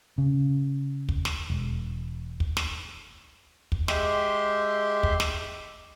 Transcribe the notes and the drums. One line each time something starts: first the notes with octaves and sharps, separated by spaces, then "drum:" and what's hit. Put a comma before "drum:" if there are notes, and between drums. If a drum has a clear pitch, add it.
C#3
drum: kick
drum: snare
E1
drum: kick
drum: snare
drum: kick
G#3 G4 E5 C6, drum: snare
drum: kick
drum: snare